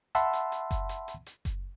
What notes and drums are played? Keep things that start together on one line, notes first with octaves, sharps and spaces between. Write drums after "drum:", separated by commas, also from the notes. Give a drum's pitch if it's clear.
E5 F#5 A5 B5 C6 E6, drum: hi-hat
drum: hi-hat
drum: hi-hat
drum: kick F#1, hi-hat
drum: hi-hat
drum: hi-hat
drum: hi-hat
drum: kick F#1, hi-hat